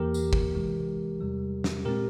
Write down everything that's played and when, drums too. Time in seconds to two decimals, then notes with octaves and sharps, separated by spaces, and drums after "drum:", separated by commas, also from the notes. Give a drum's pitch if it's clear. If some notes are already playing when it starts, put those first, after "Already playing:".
Already playing: E2 E3 A#3 G4 A#4
0.14 drum: tambourine
0.33 drum: kick
0.55 C3 E3 G#3
1.21 E2 C3 G3
1.64 drum: snare
1.85 A#2 G#3 C4 G4 A#4